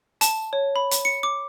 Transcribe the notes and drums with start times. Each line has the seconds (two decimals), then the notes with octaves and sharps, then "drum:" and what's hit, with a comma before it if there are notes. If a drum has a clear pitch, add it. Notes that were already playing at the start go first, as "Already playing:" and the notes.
0.21 A5, drum: hi-hat
0.53 C#5
0.76 B5
0.91 drum: hi-hat
1.05 C#7
1.23 D6